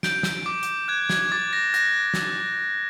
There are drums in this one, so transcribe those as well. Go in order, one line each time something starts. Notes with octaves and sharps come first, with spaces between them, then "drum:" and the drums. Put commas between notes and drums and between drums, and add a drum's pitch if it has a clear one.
G6 D7, drum: snare
drum: snare
D6
drum: hi-hat
F#6 G#6
G#6, drum: snare
D6 A6
A#6
F#6 A#6, drum: hi-hat
drum: snare